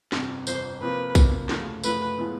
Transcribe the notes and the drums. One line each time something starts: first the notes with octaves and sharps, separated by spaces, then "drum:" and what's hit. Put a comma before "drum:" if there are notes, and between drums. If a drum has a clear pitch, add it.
G1 F2 C3, drum: snare
G1 F2 C3 C5, drum: tambourine
C3 F3 A#3 B4
C3 F3 A#3, drum: kick, tambourine
F#2 C#3 F3 A3, drum: snare
F#2 C#3 F3 A3 B4, drum: tambourine
A2 F3 G#3 B3